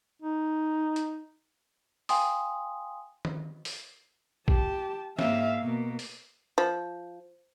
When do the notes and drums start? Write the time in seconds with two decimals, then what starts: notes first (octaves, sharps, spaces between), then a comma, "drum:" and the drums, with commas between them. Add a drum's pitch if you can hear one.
0.22 D#4
0.96 drum: hi-hat
2.09 F5 G5 G#5 C6 D#6, drum: open hi-hat
3.25 drum: tom D#3
3.65 drum: open hi-hat
4.48 G4 A5, drum: kick
5.19 G#2 A#3 E5 F5, drum: snare
5.64 B2 A#3
5.99 drum: open hi-hat
6.58 F3